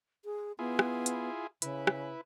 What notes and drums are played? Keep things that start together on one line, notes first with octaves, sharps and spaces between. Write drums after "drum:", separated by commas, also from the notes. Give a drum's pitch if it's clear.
G#4
B3 E4 F4 G#4
drum: rim click
drum: hi-hat
C#3 E4 B4, drum: hi-hat
drum: rim click